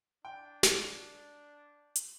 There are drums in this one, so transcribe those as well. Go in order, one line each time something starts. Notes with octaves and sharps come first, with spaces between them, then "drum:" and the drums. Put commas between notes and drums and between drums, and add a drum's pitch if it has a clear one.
D4 G5
drum: snare
drum: hi-hat